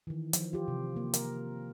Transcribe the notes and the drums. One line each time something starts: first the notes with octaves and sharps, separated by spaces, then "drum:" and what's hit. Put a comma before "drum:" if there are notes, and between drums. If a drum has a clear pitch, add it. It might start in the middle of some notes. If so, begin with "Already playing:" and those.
D#3 E3
F3, drum: hi-hat
F4 G4
C3
A#3
A#4, drum: hi-hat